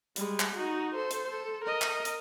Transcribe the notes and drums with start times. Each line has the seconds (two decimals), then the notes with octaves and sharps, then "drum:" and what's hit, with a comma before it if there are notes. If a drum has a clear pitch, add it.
0.16 G3 G#3, drum: hi-hat
0.40 drum: clap
0.55 D#4 F#4
0.95 A4 C5
1.11 drum: hi-hat
1.31 A4
1.65 A#4 D#5
1.82 drum: clap
2.05 drum: hi-hat